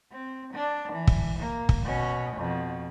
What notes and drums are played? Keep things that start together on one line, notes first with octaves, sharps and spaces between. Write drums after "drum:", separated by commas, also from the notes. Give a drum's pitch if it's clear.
C4
D4
E3
drum: kick
A#3
drum: kick
B2 C#4
F2 B2